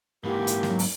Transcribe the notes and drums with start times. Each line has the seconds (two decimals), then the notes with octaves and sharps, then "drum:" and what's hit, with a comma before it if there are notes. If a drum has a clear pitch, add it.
0.24 G#2 E3 A#3 G4
0.47 drum: hi-hat
0.63 F#3, drum: snare
0.79 drum: open hi-hat